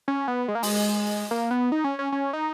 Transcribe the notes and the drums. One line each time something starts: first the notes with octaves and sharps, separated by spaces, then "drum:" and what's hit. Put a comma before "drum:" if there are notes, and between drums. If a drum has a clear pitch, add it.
C#4
B3
G#3
A#3
G#3, drum: open hi-hat
A#3
B3
D#4
C#4
C#4
C#4
D#4